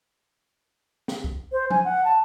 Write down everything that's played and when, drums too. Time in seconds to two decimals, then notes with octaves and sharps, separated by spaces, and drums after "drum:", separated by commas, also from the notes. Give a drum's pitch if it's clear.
1.08 drum: snare
1.24 drum: kick C2
1.52 C5
1.70 G#5, drum: tom F3
1.85 F#5
2.05 A5